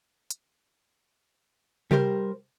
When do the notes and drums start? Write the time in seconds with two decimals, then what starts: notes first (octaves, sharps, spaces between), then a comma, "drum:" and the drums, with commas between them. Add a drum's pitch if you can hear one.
0.31 drum: hi-hat
1.91 G3 G4 A#4 C5, drum: tom C3